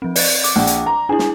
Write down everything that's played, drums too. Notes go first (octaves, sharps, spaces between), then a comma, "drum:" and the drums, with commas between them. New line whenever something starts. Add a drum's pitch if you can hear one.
F3 C4
D5 F#6 A6, drum: open hi-hat
D6, drum: hi-hat
A#1 F#5
drum: hi-hat
A#5
D4 E4 G#4
drum: snare